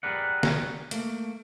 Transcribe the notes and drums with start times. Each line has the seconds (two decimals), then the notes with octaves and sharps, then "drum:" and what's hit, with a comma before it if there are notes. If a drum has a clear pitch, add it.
0.03 G4 G#4 A#4 B4 D5 F#5
0.43 drum: snare
0.91 A3 A#3, drum: hi-hat